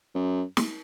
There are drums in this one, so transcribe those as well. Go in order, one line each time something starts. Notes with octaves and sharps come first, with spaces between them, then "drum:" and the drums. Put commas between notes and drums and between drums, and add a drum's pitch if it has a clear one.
F#2
drum: snare